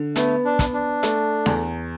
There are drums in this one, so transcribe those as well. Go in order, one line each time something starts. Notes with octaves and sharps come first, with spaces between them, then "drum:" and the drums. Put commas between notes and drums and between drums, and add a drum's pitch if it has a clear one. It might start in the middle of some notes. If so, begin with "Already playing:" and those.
Already playing: D3
A3 B3, drum: hi-hat
D4
B3, drum: kick, hi-hat
D4
A3, drum: hi-hat
E2, drum: snare D4